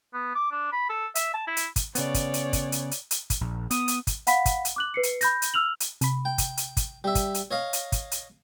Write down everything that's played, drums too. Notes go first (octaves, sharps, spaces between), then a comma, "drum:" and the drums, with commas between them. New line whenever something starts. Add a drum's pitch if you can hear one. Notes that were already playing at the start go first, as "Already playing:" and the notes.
B3
D6
D4
B5
A4
E5, drum: hi-hat
A5
E4
drum: hi-hat
drum: kick, hi-hat
C#3 B3 C#5 D5, drum: hi-hat
drum: kick, hi-hat
drum: hi-hat
drum: kick, hi-hat
drum: hi-hat
drum: hi-hat
drum: hi-hat
drum: kick, hi-hat
A#1
B3 D#6, drum: hi-hat
drum: hi-hat
drum: kick, hi-hat
F5 F#5 B5 B6, drum: hi-hat
drum: kick, hi-hat
drum: hi-hat
D6 F#6 F#7
B4 C7 C#7
drum: hi-hat
B5 G6 A#6, drum: hi-hat
drum: hi-hat
E6 F6 F7 F#7
drum: hi-hat
C3 B5, drum: hi-hat
G5
drum: kick, hi-hat
drum: hi-hat
drum: kick, hi-hat
G3 E5
drum: kick, hi-hat
drum: hi-hat
C#5 D#5 F5
drum: hi-hat
drum: kick, hi-hat
drum: hi-hat